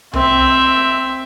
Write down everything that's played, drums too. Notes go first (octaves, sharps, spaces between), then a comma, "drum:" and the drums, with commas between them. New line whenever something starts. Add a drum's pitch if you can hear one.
C4 E5, drum: tom C2